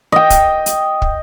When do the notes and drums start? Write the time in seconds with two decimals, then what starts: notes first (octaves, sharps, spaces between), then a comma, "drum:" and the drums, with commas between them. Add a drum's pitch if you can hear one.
0.12 D#5 G5
0.30 drum: kick, hi-hat
0.66 drum: hi-hat
1.02 drum: kick